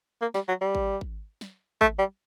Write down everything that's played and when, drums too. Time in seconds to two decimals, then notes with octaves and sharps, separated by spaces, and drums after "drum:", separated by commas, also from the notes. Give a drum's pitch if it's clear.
0.22 A#3
0.34 G3, drum: snare
0.48 F#3
0.61 G3
0.75 drum: kick G#1
1.01 drum: kick G#1
1.41 drum: snare
1.81 A3, drum: kick G#1
1.99 G3